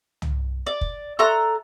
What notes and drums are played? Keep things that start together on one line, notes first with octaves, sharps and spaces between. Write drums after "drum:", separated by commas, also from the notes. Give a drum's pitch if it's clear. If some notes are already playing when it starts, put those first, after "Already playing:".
drum: tom
D5
drum: kick
A4 E5 A#5 C6 C#6 F#6